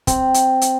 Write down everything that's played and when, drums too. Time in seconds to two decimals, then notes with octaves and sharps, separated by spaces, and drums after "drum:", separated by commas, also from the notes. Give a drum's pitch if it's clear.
0.07 C4, drum: kick, hi-hat
0.34 drum: hi-hat
0.61 drum: hi-hat